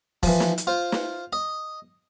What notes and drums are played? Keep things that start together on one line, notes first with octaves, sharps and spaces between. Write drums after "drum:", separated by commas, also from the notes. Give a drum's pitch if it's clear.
E3 F3, drum: kick E1, open hi-hat
drum: snare
drum: hi-hat
F4 C5
drum: snare
D#5